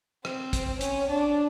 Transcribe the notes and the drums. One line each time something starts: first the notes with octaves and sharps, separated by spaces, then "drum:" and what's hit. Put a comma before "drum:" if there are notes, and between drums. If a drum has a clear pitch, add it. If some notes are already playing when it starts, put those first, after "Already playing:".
C4, drum: rim click
drum: kick, hi-hat
C#4, drum: hi-hat
D4